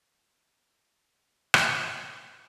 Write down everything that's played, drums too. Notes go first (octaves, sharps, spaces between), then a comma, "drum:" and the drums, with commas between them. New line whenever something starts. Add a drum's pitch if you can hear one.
C5 D5 E5 F5
drum: rim click